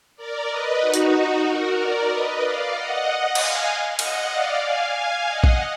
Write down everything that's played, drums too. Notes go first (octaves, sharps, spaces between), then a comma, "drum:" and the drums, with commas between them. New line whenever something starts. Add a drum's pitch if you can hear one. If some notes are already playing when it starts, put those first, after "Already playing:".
A#4 D5
B4 D#5
D#4 F#4
drum: hi-hat
F#4 A#4
A#4 D5
B4 D#5
D5 F5
D#5 F#5
F5 G#5, drum: cymbal
D#5 F#5, drum: cymbal
D5 F5
F5 G#5
D#5 F#5
drum: kick